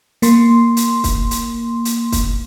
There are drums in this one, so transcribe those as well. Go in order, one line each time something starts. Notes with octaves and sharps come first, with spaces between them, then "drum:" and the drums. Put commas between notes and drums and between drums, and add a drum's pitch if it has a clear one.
A#3 C6, drum: hi-hat
drum: hi-hat
drum: kick, hi-hat
drum: hi-hat
drum: hi-hat
drum: kick, hi-hat